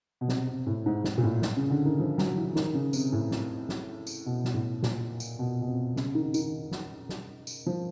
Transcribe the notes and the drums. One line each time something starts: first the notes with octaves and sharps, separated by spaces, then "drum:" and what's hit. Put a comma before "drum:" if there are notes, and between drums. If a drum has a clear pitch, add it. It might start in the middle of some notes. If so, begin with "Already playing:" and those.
B2
C3, drum: snare
C3
A2
G#2
G#2, drum: snare
A#2
A2
drum: snare
C#3
D3
D#3
F3
F#3, drum: snare
E3
D#3, drum: snare
C#3
C3, drum: tambourine
A2
drum: snare
drum: snare
drum: tambourine
B2
drum: snare
A2
A#2, drum: snare
drum: tambourine
B2
B2
C3
C#3, drum: snare
D#3
D#3, drum: tambourine
drum: snare
drum: snare
drum: tambourine
F3